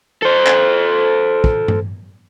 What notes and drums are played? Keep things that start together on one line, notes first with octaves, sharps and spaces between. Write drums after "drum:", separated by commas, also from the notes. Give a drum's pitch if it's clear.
A4 C5
drum: clap
drum: kick
drum: tom G2